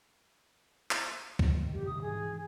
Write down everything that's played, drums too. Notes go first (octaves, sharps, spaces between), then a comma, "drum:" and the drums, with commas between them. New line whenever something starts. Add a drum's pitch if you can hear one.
drum: clap
drum: kick
D#3
A#1 G2 G3 G4
C3 D#3 D#6
G#2 E3 G#4